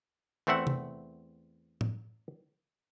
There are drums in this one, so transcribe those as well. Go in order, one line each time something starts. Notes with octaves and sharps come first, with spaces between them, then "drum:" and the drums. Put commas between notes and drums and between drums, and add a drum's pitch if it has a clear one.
E2 A3 C4 E5 F#5
drum: tom
drum: tom A2